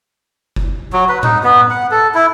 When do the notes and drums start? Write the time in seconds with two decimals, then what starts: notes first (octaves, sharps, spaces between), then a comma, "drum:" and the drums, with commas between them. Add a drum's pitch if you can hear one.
0.56 drum: kick F#1
0.93 F#3
1.09 B4
1.23 D#4, drum: tom A2
1.44 B3
1.70 F#5
1.91 A4
2.14 E4